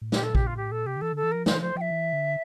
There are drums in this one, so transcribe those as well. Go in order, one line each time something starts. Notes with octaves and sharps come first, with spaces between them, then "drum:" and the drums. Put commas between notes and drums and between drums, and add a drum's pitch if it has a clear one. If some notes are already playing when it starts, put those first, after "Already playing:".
A2
A#2 G4, drum: snare
A4
G4, drum: kick A#1
F4
A2 G4
A#2 A4
C3 G4
D3
E3 A4
D3 A4
E3
F3 A#4
E3 C5, drum: snare
F3 C5
F3 G5
E5
E3
D3